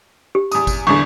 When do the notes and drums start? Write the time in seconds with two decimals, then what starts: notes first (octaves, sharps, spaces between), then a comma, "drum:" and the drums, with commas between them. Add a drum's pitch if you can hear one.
0.35 G4
0.51 E2 D#6, drum: tambourine
0.67 drum: kick G1, tambourine
0.87 G1 E2 D3 C#6